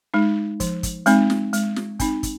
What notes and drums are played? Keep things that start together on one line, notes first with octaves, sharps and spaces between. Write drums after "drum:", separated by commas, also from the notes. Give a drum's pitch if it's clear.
G#3 D#4
F3, drum: kick, hi-hat
drum: kick, hi-hat
G#3 C4 D#4, drum: hi-hat
drum: snare
G#3, drum: hi-hat
drum: snare
C4 D#4, drum: kick, hi-hat
drum: kick, hi-hat